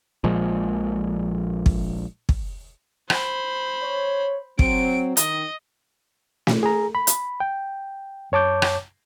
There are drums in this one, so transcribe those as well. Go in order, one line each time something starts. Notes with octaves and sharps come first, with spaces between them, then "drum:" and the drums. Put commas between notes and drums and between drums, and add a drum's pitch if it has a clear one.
A#1 A#2 F3 G#3
drum: kick
drum: kick
C5 B5, drum: rim click
C#5
F#3 C4 D7, drum: kick
D#3 D#5, drum: hi-hat
drum: snare
G#4 A#5
B5
drum: hi-hat
G5
F#2 C#5 A5 D6 G6
drum: rim click